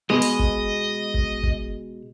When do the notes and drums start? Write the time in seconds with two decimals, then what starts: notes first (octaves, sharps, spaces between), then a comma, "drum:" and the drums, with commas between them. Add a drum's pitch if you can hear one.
0.10 B2 G#3 D#5
0.22 drum: hi-hat
0.39 drum: kick
1.14 drum: kick
1.43 drum: kick